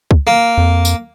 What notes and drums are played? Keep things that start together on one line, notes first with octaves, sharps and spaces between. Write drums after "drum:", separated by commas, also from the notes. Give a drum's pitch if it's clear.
drum: kick
A#3
F2
drum: tambourine